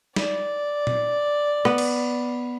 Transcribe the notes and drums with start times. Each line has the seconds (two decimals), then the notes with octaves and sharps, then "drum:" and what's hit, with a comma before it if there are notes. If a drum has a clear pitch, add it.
0.16 D5, drum: snare
0.87 drum: tom A#2
1.65 B3, drum: rim click
1.78 drum: cymbal